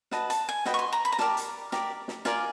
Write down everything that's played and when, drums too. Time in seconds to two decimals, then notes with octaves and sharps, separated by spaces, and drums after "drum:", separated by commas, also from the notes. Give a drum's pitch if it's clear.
0.11 F#4 B4 D#5 A5, drum: snare
0.30 A5, drum: hi-hat
0.49 G#5
0.65 F#4 B4 D#5 G5, drum: snare
0.74 C#6
0.79 C6
0.93 A#5
1.05 B5
1.12 A#5
1.19 G4 A#4 D5 A5, drum: snare
1.37 drum: hi-hat
1.72 G4 A#4 D5, drum: snare
2.08 drum: snare
2.25 F4 A#4 D5 G#5, drum: snare